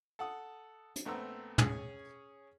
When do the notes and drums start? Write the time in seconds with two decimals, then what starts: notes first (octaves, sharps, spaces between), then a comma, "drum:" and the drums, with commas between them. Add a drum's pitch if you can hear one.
0.19 A4 F#5 D#6
0.96 drum: hi-hat
1.05 A#1 A3 B3 C4 A#5 E6
1.58 C#4 G#4 C#5, drum: tom